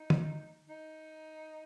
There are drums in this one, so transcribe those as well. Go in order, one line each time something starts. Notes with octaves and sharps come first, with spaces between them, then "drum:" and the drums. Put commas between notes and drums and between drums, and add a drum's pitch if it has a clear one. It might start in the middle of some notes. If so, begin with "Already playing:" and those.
Already playing: D#4
drum: tom
D#4